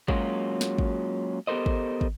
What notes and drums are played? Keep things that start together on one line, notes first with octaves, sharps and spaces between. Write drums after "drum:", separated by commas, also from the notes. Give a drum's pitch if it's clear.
F#3 G#3 A#3 C#4 F4 F#4, drum: kick
drum: snare
drum: kick
B3 G4 A4 A#4 C5 D#5
drum: kick
drum: kick